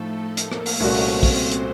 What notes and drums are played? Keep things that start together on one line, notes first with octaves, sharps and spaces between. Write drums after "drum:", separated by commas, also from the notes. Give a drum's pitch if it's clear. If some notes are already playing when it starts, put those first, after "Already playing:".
Already playing: A2 F3 A3 D#4 A4
A#3 A#4, drum: hi-hat
drum: rim click
drum: open hi-hat
C2 A#2 A3 C4 C#4 F#4 C5
drum: open hi-hat
drum: kick, open hi-hat
drum: hi-hat